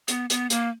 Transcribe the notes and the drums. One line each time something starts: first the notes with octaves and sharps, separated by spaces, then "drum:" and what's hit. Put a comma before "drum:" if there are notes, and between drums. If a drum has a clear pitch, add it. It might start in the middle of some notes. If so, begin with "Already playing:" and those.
B3, drum: hi-hat
B3, drum: hi-hat
A#3, drum: hi-hat